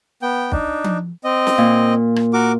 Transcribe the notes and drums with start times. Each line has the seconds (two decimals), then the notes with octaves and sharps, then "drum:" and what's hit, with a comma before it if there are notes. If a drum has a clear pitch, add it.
0.22 B3 G5
0.52 D4 D#4, drum: kick
0.84 drum: tom F3
1.24 C4 D#5
1.47 drum: snare
1.58 A#2
2.16 drum: rim click
2.33 F#4 A#4 D6